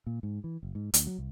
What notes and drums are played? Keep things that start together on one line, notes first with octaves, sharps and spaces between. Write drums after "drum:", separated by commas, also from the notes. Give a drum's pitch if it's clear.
A#2
G#2
E3
F#1
G#2
D2, drum: hi-hat
F#3
C2